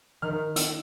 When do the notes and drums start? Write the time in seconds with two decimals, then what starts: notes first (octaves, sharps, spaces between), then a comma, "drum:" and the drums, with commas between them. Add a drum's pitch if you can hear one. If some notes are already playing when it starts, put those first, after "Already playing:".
0.22 D#3 F6
0.56 E6, drum: hi-hat